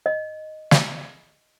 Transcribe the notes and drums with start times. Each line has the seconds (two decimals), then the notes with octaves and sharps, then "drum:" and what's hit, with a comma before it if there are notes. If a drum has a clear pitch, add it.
0.06 D#5
0.71 drum: snare